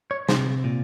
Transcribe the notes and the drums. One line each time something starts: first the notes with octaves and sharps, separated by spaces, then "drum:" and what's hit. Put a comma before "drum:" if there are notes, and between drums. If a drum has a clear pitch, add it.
C#5
C3 C5, drum: snare
A#2